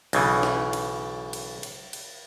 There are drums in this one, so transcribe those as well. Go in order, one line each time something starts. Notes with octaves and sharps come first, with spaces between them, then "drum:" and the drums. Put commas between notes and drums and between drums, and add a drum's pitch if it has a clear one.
B1 C#3 E3, drum: cymbal
drum: snare
drum: cymbal
drum: cymbal
drum: cymbal
drum: cymbal